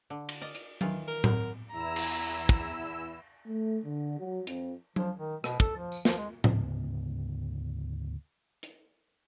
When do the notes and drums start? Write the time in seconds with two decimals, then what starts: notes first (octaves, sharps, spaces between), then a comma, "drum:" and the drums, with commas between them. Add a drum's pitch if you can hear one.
0.10 D3
0.29 drum: cymbal
0.41 A#4 D5 D#5
0.55 drum: hi-hat
0.81 D#3 E3 F4, drum: tom F#3
1.08 A#4
1.24 F#3, drum: tom A2
1.72 E2 E4 A#5 E6
1.96 drum: cymbal
2.49 drum: kick
3.47 A3
3.85 D3
4.17 F#3
4.47 F2, drum: hi-hat
4.96 F3, drum: tom F#3
5.17 D#3
5.44 B2, drum: rim click
5.60 A4, drum: kick
5.77 F3
5.92 drum: tambourine
6.05 F3, drum: snare
6.17 G#3
6.44 D2 G#2 C#3 B3, drum: tom A2
8.63 drum: hi-hat